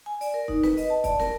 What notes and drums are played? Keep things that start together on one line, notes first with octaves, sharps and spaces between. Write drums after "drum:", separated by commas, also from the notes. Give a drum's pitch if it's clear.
G#5
D5, drum: open hi-hat
A#4
D#4, drum: kick
B4, drum: snare
D#5, drum: open hi-hat
A5
D5, drum: kick, hi-hat
A#4, drum: snare